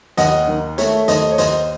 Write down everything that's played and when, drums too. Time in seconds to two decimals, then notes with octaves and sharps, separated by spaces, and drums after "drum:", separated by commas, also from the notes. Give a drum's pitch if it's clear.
0.17 D#2 D#5 F#5, drum: hi-hat
0.47 D#3
0.78 A3 C#5 E5, drum: hi-hat
1.08 D#2 C5 D#5, drum: hi-hat
1.32 C#5
1.38 D#2 C5 D#5, drum: hi-hat